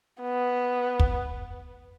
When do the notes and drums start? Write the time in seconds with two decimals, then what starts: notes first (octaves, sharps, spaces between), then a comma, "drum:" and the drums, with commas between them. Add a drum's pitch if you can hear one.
0.22 B3
1.00 drum: kick